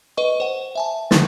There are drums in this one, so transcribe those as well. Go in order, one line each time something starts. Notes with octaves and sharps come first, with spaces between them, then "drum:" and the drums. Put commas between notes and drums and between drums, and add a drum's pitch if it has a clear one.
B4 D#5 C#6
C5 F#5
E5 G#5 A5
D3 D#3 F3 C6 A6, drum: snare